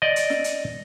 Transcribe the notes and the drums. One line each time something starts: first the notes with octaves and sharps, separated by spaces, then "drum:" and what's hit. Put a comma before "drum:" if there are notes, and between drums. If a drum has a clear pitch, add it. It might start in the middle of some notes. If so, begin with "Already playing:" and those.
D5 D#5
drum: hi-hat
drum: snare
drum: hi-hat